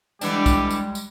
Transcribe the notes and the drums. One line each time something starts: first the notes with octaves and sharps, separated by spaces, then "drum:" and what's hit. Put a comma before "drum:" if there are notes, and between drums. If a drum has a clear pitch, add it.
D3 E3 G3 G#3 D4 G4, drum: tambourine
drum: kick, tambourine
drum: tambourine
drum: tambourine